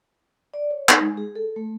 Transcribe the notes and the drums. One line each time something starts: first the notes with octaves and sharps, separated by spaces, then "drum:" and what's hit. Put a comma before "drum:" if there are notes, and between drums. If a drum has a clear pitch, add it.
D5
C#5
D#4, drum: clap
G#3
G#4
A4
A3